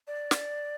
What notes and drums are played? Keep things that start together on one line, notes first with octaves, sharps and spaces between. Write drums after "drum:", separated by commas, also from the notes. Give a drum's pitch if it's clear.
D5
drum: snare